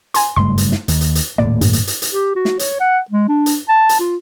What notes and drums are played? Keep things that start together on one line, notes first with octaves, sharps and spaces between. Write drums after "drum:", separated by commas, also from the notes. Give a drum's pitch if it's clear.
G#5 C6, drum: hi-hat
F#1 G2 A3 C6
drum: hi-hat
drum: snare
D#2, drum: hi-hat
drum: hi-hat
drum: hi-hat
D#1 A2 A#3 D5
G2, drum: hi-hat
drum: hi-hat
drum: hi-hat
drum: hi-hat
G4
F#4
drum: snare
C#5, drum: hi-hat
F#5
G#3
D4
drum: hi-hat
A5
drum: hi-hat
F4